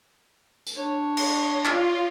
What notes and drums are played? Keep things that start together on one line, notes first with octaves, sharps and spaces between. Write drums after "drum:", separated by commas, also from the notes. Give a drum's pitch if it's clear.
drum: tambourine
D4 C#5
drum: cymbal
F4, drum: clap